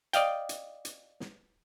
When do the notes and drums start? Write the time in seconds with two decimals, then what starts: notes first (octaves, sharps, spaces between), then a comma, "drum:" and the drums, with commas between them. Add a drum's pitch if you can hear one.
0.13 D5 D#5 F5 G5, drum: hi-hat
0.49 drum: hi-hat
0.85 drum: hi-hat
1.20 drum: snare